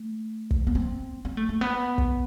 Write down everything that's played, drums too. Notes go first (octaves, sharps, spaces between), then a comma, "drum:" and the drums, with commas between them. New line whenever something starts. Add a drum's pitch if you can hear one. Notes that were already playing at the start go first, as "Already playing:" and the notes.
Already playing: A3
drum: kick
B3
C4
C4
A3
A3
B3
drum: kick